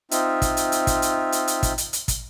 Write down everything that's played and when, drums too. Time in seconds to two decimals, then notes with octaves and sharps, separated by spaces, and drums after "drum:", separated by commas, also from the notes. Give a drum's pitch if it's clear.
0.11 C4 D#4 F4 E5, drum: hi-hat
0.42 drum: kick, hi-hat
0.57 drum: hi-hat
0.72 drum: hi-hat
0.87 drum: kick, hi-hat
1.02 drum: hi-hat
1.32 drum: hi-hat
1.48 drum: hi-hat
1.63 drum: kick, hi-hat
1.78 drum: hi-hat
1.93 drum: hi-hat
2.08 drum: kick, hi-hat